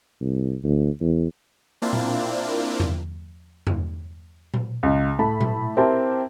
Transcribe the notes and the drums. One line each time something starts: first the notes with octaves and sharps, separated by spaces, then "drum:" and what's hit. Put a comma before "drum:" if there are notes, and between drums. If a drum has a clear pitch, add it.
C2
D2
E2
A#3 C4 D4 E4 F4
drum: tom A#2
drum: tom E2
drum: tom E2
drum: tom A#2
C#2
A2 A4 A5 B5
drum: tom A#2
C4 E4 G4 A#4 C5 A5